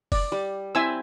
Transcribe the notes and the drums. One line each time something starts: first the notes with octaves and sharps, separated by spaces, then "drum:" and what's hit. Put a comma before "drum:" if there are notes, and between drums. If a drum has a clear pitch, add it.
D5, drum: kick F#1, open hi-hat
G3
C4 E4 E5 G#5 E6